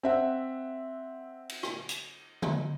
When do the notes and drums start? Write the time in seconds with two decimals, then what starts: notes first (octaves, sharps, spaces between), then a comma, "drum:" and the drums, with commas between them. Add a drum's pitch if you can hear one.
0.03 C4 E5 F#5
1.49 drum: cymbal
1.63 drum: rim click
1.89 drum: hi-hat
2.42 drum: tom D3